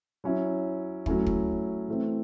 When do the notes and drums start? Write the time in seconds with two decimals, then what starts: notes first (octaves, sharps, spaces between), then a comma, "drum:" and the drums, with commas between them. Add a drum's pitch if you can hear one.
0.24 F#3 C#4 E4
1.06 F#3 A3 C#4 E4, drum: kick
1.26 drum: kick
1.88 E3 A3 C4